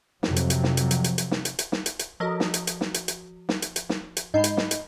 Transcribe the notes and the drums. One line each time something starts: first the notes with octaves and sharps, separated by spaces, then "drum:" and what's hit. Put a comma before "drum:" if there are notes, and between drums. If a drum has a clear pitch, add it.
F2 C3 F#3, drum: snare
drum: hi-hat
drum: hi-hat
drum: snare
drum: hi-hat
drum: hi-hat
drum: hi-hat
drum: hi-hat
drum: snare
drum: hi-hat
drum: hi-hat
drum: snare
drum: hi-hat
drum: hi-hat
F3 F#4 A4 A#4 D#5
drum: snare
drum: hi-hat
drum: hi-hat
drum: snare
drum: hi-hat
drum: hi-hat
drum: snare
drum: hi-hat
drum: hi-hat
drum: snare
drum: hi-hat
G#2 D#4 D#5 A#5 B5 G6 C7
drum: hi-hat
drum: snare
drum: hi-hat